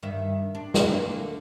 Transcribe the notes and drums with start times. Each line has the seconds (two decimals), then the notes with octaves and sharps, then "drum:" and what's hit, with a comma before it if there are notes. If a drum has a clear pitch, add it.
0.03 G2 D#3 E5
0.55 D4
0.74 drum: snare
0.90 D2 D3 A#3